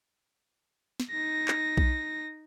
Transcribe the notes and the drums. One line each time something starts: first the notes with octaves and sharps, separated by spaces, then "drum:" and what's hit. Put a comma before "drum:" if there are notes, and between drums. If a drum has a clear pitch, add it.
drum: snare
D#4 A#6
drum: clap
drum: kick B1